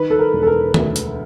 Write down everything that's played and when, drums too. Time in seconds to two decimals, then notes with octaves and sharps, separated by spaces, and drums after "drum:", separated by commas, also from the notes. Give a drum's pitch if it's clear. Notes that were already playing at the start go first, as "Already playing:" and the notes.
Already playing: D#3 B4
0.10 A4
0.19 A#4
0.33 E1
0.42 A4
0.47 A#4
0.74 D2, drum: tom D#3
0.96 drum: hi-hat